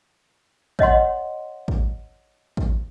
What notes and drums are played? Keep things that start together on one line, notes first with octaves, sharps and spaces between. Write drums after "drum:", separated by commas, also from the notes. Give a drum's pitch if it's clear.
C#5 D#5 F#5 C6, drum: kick
drum: kick
drum: kick